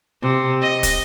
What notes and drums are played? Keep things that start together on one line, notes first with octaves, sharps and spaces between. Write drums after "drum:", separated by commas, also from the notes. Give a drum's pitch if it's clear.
C3
D#5
drum: kick, hi-hat